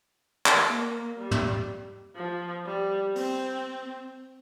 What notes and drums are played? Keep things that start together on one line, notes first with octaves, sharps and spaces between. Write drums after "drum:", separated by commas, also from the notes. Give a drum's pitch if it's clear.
drum: clap
A#3
G3
drum: tom
F3
G3
C4, drum: open hi-hat